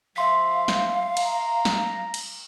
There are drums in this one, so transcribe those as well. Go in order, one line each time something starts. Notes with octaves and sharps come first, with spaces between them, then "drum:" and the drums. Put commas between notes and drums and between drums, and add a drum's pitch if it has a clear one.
F3 E5 F5 C6 B6
drum: snare
A#5, drum: cymbal
drum: snare
drum: cymbal